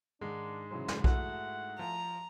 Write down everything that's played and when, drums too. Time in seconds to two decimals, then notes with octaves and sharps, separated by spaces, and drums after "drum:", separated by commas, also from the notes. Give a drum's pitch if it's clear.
0.21 G#2 D#3 G#3 D4
0.71 C#3 E3 F#3 C5
0.88 drum: snare
1.04 A3 E4 F#4 F#5, drum: kick B1
1.79 F3 A#5